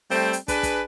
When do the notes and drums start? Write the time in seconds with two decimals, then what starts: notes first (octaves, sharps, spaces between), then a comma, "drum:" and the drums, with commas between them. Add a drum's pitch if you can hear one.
0.11 G3 A3 C4
0.33 drum: hi-hat
0.48 D4 G#4 B4, drum: kick, hi-hat
0.63 drum: kick, hi-hat